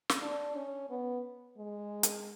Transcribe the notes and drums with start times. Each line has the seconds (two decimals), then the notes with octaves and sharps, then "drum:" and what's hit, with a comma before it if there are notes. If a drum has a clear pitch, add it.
0.09 drum: snare
0.22 D4
0.56 C#4
0.90 B3
1.57 G#3
2.03 drum: hi-hat